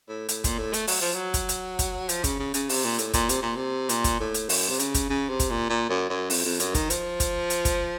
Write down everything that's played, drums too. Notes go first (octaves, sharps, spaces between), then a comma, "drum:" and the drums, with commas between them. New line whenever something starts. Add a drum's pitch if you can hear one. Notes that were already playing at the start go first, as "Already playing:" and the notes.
A2
A2, drum: hi-hat
A#2, drum: kick, hi-hat
A2
A3, drum: hi-hat
F#3, drum: open hi-hat
F3
F#3
drum: kick, hi-hat
drum: hi-hat
drum: kick, hi-hat
F3, drum: hi-hat
C#3, drum: kick, hi-hat
C#3
C#3, drum: hi-hat
C3, drum: open hi-hat
A#2
A2, drum: hi-hat
A#2, drum: kick, hi-hat
C3, drum: hi-hat
A#2
C3
A#2, drum: hi-hat
drum: kick, hi-hat
A2
drum: hi-hat
F#2, drum: open hi-hat
C3
C#3, drum: hi-hat
drum: kick, hi-hat
C#3
C3
drum: kick, hi-hat
A#2
A#2
F#2
F#2
F2, drum: open hi-hat
F2
F#2, drum: hi-hat
D#3, drum: kick, hi-hat
F3, drum: hi-hat
drum: kick, hi-hat
drum: hi-hat
drum: kick, hi-hat